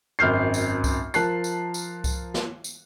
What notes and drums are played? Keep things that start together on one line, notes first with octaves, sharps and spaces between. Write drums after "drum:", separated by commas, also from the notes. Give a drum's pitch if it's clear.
G#1 F#2 F6 G6 C7
drum: tambourine
drum: kick C2, tambourine
F3 A#4 A5 F#6 C7, drum: tambourine
drum: tambourine
drum: tambourine
drum: kick C2, tambourine
drum: snare
drum: tambourine